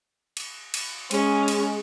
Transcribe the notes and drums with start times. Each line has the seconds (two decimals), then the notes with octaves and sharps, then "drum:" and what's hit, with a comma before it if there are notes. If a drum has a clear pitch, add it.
0.37 drum: cymbal
0.74 drum: cymbal
1.11 G#3 C#4, drum: cymbal
1.48 drum: cymbal